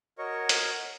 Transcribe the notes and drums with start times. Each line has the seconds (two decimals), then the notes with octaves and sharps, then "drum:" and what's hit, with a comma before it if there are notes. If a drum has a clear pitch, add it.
0.18 F#4 A#4 C#5 D#5 C#6
0.49 drum: hi-hat